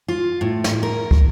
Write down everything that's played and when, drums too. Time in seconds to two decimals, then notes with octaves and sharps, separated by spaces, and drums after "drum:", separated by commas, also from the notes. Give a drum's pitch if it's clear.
0.08 F4
0.41 A2
0.64 drum: snare
0.83 A#4
1.11 drum: kick